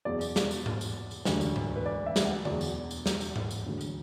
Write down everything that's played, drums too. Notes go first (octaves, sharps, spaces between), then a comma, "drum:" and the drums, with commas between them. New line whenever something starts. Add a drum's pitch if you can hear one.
E2 B2 F#3 D5
drum: tambourine
drum: snare
drum: tambourine
drum: tom G#2
drum: tambourine
drum: tambourine
E1 D2 D3 F#3, drum: snare
drum: tambourine
drum: tom G#2
B4
D5
E5
drum: snare
F#5
E2 B2 F#3 D5, drum: tom D3
drum: tambourine
drum: tambourine
drum: snare
drum: tambourine
drum: tom G#2
drum: tambourine
E1 D2 D3 F#3
drum: tambourine